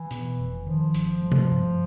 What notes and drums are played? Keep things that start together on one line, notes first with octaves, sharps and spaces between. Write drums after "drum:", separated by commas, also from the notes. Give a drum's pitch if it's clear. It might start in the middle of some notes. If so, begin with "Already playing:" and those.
Already playing: E3
B2, drum: hi-hat
F1
D#3 F3
G1, drum: hi-hat
G3
drum: tom C3
G2